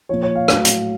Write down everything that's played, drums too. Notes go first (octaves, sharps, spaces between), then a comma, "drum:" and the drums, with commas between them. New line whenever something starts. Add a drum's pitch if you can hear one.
A#2 F3 C#5
C#5
F5
A2 F#3, drum: rim click
drum: hi-hat